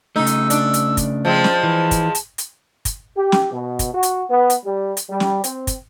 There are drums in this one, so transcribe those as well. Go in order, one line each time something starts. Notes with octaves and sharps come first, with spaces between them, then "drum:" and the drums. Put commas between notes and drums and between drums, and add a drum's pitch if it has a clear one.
C#3 A3 D#4 E6
drum: hi-hat
D4, drum: hi-hat
drum: hi-hat
drum: kick, hi-hat
F3 G#3 C4 A5
drum: snare
E3
drum: kick, hi-hat
drum: hi-hat
drum: hi-hat
drum: kick, hi-hat
G4
drum: snare
B2
drum: kick, hi-hat
F#4
drum: hi-hat
B3
drum: hi-hat
G3
drum: hi-hat
G3
drum: snare
C4, drum: hi-hat
drum: kick, hi-hat